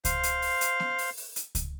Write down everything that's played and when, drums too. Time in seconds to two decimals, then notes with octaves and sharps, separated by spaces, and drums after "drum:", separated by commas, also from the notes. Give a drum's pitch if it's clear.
0.05 C5 F5, drum: kick C#2, hi-hat
0.23 drum: hi-hat
0.42 drum: open hi-hat
0.61 drum: hi-hat
0.80 drum: snare
0.98 drum: open hi-hat
1.17 drum: open hi-hat
1.36 drum: hi-hat
1.55 drum: kick C#2, hi-hat